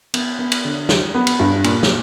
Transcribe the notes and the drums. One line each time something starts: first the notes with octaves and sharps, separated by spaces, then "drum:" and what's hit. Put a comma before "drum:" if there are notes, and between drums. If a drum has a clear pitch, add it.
B3, drum: cymbal
B3
drum: cymbal
D3
G3, drum: snare
B3
drum: cymbal
G2
A#2, drum: cymbal
drum: snare